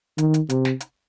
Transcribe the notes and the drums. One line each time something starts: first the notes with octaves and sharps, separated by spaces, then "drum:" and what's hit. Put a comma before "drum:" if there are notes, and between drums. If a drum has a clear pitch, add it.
D#3, drum: hi-hat
drum: hi-hat
C3, drum: hi-hat
drum: snare
drum: hi-hat